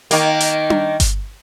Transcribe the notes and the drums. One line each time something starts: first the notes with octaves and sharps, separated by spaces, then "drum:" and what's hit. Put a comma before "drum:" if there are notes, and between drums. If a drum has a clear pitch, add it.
D#3 A#3, drum: hi-hat
drum: hi-hat
drum: tom D4
drum: kick G1, hi-hat